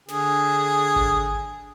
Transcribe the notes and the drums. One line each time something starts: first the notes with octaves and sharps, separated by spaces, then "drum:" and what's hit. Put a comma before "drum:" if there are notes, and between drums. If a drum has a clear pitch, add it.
D3 G#4, drum: snare
drum: kick G#1